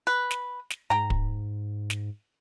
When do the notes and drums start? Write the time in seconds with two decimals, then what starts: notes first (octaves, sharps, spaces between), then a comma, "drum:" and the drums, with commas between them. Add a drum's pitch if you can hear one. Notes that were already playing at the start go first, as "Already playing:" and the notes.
0.07 B4
0.31 drum: snare
0.70 drum: snare
0.90 G#2 G5 A#5
1.10 drum: kick
1.90 drum: snare